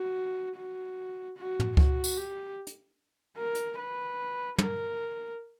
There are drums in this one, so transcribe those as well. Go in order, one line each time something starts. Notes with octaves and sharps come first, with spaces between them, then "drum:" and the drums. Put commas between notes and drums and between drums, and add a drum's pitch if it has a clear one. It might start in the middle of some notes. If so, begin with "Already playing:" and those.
Already playing: F#4
F#4
F#4
drum: tom
F#4, drum: kick C#2
drum: tambourine
G4
drum: hi-hat
A#4
drum: hi-hat
B4
A#4, drum: tom